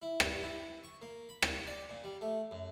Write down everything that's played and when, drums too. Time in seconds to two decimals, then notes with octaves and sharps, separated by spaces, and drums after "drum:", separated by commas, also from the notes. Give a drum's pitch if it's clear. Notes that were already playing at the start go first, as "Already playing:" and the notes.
0.02 E4
0.20 G2, drum: rim click
0.42 E4
0.84 C#6
1.02 A#3
1.29 B5
1.42 A#2, drum: rim click
1.67 D5
1.90 A#2
2.04 G3
2.21 A3
2.51 F#2